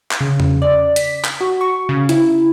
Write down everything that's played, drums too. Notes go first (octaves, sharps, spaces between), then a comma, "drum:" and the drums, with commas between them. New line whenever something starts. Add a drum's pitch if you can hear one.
drum: clap
C#3
drum: tom E2
D5
B6, drum: hi-hat
drum: clap
F#4
C#6
C#3
E4, drum: hi-hat